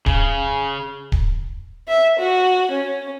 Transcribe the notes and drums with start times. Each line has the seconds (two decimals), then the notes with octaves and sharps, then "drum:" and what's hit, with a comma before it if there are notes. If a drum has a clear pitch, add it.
0.06 C#3, drum: kick D1
1.12 drum: kick D1
1.88 E5
2.19 F#4
2.71 C#4